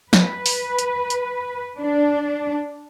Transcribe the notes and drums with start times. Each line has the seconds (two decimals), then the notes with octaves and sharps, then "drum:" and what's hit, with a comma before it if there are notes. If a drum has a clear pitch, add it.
0.13 B4, drum: snare
0.46 drum: open hi-hat
0.79 drum: hi-hat
1.10 drum: hi-hat
1.79 D4